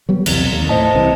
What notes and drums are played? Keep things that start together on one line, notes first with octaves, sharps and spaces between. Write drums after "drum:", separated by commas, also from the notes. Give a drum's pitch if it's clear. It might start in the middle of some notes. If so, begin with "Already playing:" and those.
F#3 G3 B3
B1 E2 C3, drum: cymbal
D#2
A2 C5 D#5 A5
C2 C3 E3